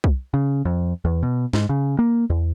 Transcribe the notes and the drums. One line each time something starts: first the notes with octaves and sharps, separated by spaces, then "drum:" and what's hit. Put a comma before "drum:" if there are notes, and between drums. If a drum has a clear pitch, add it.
drum: kick
C#3
F2
E2
B2
G#2, drum: snare
C#3
A#3
E2